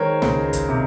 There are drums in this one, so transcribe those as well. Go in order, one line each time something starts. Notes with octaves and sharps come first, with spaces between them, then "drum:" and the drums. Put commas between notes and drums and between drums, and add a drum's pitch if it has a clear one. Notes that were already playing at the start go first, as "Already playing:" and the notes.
Already playing: D#3 G#3 A#4 C5 C#5
C#2, drum: snare
drum: kick, hi-hat
C3